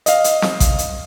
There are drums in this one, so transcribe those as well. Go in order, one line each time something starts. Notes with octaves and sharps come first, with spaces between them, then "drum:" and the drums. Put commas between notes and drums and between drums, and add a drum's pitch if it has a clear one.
D#5 F5, drum: hi-hat
drum: hi-hat
drum: snare
drum: kick A1, hi-hat
drum: hi-hat